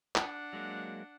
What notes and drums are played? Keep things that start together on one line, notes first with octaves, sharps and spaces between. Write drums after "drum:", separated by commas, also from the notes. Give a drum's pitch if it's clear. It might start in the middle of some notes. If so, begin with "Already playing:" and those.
D4 F#5, drum: clap
F#3 G#3 A#3